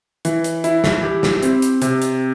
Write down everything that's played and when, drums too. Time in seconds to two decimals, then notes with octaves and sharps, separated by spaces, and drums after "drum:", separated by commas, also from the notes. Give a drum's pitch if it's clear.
0.25 E3, drum: hi-hat
0.44 drum: hi-hat
0.64 E4, drum: hi-hat
0.84 drum: snare
1.03 G4
1.23 drum: snare
1.43 C4, drum: hi-hat
1.62 drum: hi-hat
1.82 C3, drum: hi-hat
2.02 drum: hi-hat